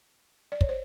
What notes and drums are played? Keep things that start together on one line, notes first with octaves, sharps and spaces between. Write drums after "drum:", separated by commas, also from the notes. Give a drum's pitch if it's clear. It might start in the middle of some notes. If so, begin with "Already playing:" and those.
D5
C#5, drum: kick
C5